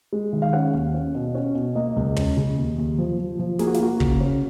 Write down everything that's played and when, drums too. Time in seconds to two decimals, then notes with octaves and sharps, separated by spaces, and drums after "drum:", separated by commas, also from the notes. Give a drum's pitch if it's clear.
0.13 G#3
0.33 D#3
0.42 F5
0.53 C#4 F#5
0.74 D#2
0.94 C#4
1.15 B2
1.35 C#4
1.55 B2
1.75 A#3 D#5
1.96 C#2
2.16 C#4, drum: tom
2.37 C#3
2.58 D#2
2.78 D#2
2.98 F3
3.19 F3
3.39 F3
3.59 A#3 G#4, drum: snare
3.67 F#4
3.74 F4, drum: snare
3.80 A#3 F#4
4.00 C#3, drum: kick
4.21 C#4